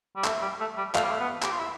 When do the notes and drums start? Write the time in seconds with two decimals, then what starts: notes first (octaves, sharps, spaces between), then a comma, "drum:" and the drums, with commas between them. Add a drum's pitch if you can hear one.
0.16 G3
0.24 A3 E5, drum: clap
0.42 G3
0.60 A3
0.77 G3
0.95 A3 F5, drum: clap
1.03 G3
1.11 A3
1.20 B3
1.42 G4, drum: clap
1.51 F4
1.59 E4